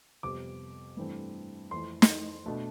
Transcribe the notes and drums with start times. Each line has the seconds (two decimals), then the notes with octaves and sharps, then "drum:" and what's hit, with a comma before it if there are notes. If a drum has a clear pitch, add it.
0.23 F2 C3 G3 B3 D6
0.97 G2 E3 A3 C4
1.71 F2 E3 A3 C6
2.02 drum: snare
2.46 B2 A3 D4